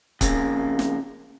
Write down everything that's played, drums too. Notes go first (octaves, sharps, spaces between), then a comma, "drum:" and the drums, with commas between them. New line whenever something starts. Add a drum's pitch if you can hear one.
F2 C#3 A#3, drum: kick C#1, hi-hat
drum: snare